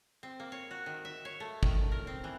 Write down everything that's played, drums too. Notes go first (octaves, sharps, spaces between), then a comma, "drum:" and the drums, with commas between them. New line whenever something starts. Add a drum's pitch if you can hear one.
C4
A#3
C#5
F#4
D#3
E5
C#5
A3
D#3, drum: kick
A#4
C4
E3